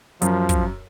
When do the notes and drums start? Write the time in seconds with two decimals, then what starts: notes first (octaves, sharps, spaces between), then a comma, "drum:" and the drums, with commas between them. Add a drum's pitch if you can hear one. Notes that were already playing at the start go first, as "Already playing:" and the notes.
0.22 F#2 F3, drum: hi-hat
0.49 drum: kick, hi-hat